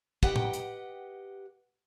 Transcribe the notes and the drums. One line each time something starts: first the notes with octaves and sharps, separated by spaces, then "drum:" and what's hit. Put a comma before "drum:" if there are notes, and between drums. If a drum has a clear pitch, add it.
G4 B4 D#5 F#5 G5, drum: kick
drum: tom A2
drum: hi-hat